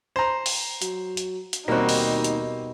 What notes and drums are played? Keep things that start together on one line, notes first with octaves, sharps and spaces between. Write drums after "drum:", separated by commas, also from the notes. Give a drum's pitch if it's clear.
C5 A#5
drum: open hi-hat
F#3, drum: hi-hat
drum: hi-hat
drum: hi-hat
D#2 B2 G3 A#3 C4 D#4 F#4
drum: open hi-hat
drum: hi-hat